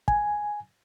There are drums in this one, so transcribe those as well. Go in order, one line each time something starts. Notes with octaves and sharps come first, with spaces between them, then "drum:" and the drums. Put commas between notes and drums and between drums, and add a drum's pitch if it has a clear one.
G#5, drum: kick